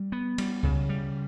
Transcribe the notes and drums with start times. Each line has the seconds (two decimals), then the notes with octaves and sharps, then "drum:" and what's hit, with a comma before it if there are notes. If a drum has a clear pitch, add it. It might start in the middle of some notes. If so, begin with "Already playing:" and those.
Already playing: G3
0.12 B3
0.38 G3, drum: cymbal
0.63 C#3, drum: kick C#2
0.89 G3